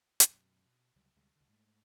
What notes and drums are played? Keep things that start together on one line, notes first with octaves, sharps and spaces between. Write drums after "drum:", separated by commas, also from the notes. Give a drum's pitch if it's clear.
F#2 B2, drum: hi-hat
B2
C#2 C3 F#3 G3
D2 C3 G3 G#3
C2 D3
G#2 A3